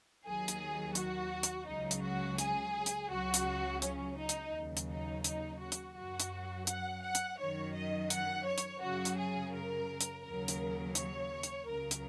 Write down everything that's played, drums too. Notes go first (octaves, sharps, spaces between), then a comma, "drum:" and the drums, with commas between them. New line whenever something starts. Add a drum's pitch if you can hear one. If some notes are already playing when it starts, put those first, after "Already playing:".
D#2 D#3 F#3 G#4
drum: hi-hat
F#4, drum: hi-hat
drum: hi-hat
C#2 C#3 F#3 D#4
drum: hi-hat
F#4
G#4, drum: hi-hat
drum: hi-hat
C#2 C#3 F#3 F#4
drum: hi-hat
C#4, drum: hi-hat
D#4
drum: hi-hat
D#2 C#3 F#3
drum: hi-hat
D#4
D#4, drum: hi-hat
F#4
drum: hi-hat
F#2 F#3 F#4
drum: hi-hat
F#5, drum: hi-hat
F#5
drum: hi-hat
F#2 D#3 F#3 C#5
D#5
F#5, drum: hi-hat
C#5
drum: hi-hat
F#2 C#3 F#3 F#4
drum: hi-hat
G#4
A#4
drum: hi-hat
D#2 C#3 F#3 A#4
drum: hi-hat
C#5, drum: hi-hat
drum: hi-hat
C#2 C#3 F#3 A#4
drum: hi-hat